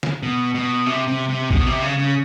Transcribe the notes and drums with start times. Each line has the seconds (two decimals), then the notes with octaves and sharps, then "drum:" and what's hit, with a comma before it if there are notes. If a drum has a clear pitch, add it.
0.03 drum: snare D3
0.23 B2
0.54 B2
0.86 C3
1.08 C3
1.29 C3
1.51 B2, drum: kick
1.67 C3
1.82 C#3
1.98 C#3